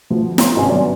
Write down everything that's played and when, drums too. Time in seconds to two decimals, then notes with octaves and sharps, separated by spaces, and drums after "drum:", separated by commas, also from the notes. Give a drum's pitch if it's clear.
0.10 D2 F3
0.38 A#5 C6, drum: snare
0.56 G#1 C3 C#4 G#5
0.69 F#3 B3 D4